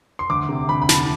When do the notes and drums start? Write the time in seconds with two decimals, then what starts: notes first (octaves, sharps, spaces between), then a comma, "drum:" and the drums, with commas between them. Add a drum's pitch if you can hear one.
0.19 C6
0.30 D2 D6
0.49 C3
0.69 D2 B5
0.82 B5
0.89 C3 A5, drum: snare